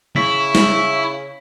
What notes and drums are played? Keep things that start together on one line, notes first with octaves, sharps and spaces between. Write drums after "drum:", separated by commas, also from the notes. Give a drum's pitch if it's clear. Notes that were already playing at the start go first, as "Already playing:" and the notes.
C#3 E4 C#6 B6
drum: snare